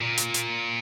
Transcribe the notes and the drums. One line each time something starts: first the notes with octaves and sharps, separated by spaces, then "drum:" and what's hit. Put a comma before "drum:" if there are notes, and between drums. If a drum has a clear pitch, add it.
A#2
drum: hi-hat
drum: hi-hat